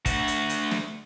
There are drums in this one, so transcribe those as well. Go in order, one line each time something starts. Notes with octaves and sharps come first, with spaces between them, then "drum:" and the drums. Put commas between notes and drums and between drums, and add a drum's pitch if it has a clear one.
D2 F#4, drum: kick, hi-hat
drum: hi-hat
drum: hi-hat
drum: snare